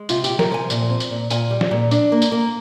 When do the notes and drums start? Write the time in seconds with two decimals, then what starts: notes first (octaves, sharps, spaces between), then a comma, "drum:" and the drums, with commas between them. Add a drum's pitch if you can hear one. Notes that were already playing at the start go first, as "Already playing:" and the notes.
Already playing: G#3
0.09 C3 F4, drum: tambourine
0.24 G4, drum: tambourine
0.29 C3
0.39 A#4, drum: snare
0.50 F3 G#5
0.70 A#2, drum: tambourine
0.90 C4
1.00 drum: tambourine
1.11 A#2
1.30 A#2 G#5, drum: tambourine
1.51 G3
1.61 drum: snare
1.71 A#2
1.91 D4, drum: tambourine
2.12 A#3
2.22 drum: tambourine
2.32 A#3